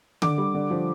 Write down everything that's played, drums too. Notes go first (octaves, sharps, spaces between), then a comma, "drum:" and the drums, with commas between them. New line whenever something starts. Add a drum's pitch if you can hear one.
D3 D6, drum: tom D3
G3
D3
F3